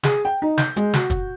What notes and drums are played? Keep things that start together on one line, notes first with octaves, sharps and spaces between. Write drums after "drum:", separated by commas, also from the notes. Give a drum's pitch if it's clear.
G#4, drum: snare
G5
D#4
G6, drum: snare
G#3, drum: hi-hat
F#4, drum: snare
drum: kick, hi-hat